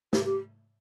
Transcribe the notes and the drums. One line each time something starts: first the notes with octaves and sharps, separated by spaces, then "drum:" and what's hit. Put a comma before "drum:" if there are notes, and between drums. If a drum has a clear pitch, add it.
G4, drum: snare
G4